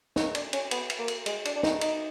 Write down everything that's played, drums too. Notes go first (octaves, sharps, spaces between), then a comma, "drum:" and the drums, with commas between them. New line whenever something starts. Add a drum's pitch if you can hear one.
D#4, drum: snare
D4, drum: cymbal
C#4, drum: cymbal
B3, drum: cymbal
drum: cymbal
A#3
drum: cymbal
G#3, drum: cymbal
D4, drum: cymbal
D4
D#4, drum: snare
D#4, drum: cymbal